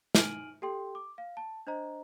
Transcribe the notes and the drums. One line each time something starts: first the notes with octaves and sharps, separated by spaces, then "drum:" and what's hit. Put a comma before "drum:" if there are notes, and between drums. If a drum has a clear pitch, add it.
D#4 G#5 F6 D7 D#7 F#7, drum: snare
G4 A4 G5 C6
D6
F5
A5
D4 C5 D#5 A#5